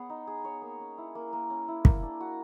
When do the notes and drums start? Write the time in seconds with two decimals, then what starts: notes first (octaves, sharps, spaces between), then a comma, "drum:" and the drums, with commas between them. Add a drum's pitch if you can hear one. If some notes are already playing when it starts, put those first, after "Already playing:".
Already playing: B3 G#4 C#5
0.10 D#4
0.27 G#4
0.45 C#5
0.62 A#3
0.80 C#4
0.98 E4
1.15 A#3
1.33 A#3
1.50 C#4
1.68 E4
1.85 A#3, drum: kick
2.02 D4
2.21 F#4